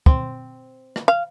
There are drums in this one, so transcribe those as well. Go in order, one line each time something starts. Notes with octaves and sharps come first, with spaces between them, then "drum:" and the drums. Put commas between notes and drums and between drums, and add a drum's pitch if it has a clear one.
C4, drum: kick
drum: rim click
F5